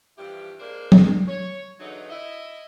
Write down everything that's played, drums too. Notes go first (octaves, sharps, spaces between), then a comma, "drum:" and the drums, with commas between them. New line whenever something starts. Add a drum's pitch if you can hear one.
G2 E3 F3 E4 G4
G#3 A#3 D4 A#4 C5 D5
drum: tom
C#5
E2 D3 E3 F#3 D#4
E4 D#5 E5